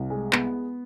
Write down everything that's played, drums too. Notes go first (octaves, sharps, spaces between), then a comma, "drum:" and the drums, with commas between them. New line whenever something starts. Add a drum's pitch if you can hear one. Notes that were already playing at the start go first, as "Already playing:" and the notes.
Already playing: C2
G#3
B3, drum: clap